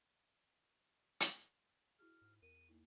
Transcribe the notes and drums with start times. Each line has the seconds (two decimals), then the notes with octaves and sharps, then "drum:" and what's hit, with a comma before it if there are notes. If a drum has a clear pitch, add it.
1.20 drum: hi-hat
1.99 E4 F#4 G#4 F6
2.22 G#2
2.42 E2 A#4 D#7
2.69 A#3 D#4 E4